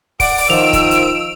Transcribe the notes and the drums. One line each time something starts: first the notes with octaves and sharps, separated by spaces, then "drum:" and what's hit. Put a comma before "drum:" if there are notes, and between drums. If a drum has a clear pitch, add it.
D5 F#5 D7, drum: kick, open hi-hat
drum: open hi-hat
D#3 F3 E6 F7
drum: kick, hi-hat
drum: hi-hat